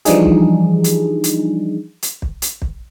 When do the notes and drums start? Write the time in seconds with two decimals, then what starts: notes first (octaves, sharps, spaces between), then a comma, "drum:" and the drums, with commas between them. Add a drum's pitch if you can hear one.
0.05 E3 F3 G3 D4 D#4 G#4, drum: hi-hat
0.25 drum: kick
0.84 drum: hi-hat
1.24 drum: hi-hat
2.02 drum: hi-hat
2.22 drum: kick
2.42 drum: hi-hat
2.62 drum: kick